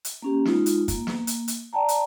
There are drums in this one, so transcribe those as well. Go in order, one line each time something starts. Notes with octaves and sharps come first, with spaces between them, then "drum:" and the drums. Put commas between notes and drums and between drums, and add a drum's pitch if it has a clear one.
drum: hi-hat
A#3 C#4 G4
G#3 D#4 F4, drum: snare
drum: hi-hat
A#3, drum: kick, hi-hat
drum: snare
drum: hi-hat
drum: hi-hat
D5 G5 A5 A#5
drum: hi-hat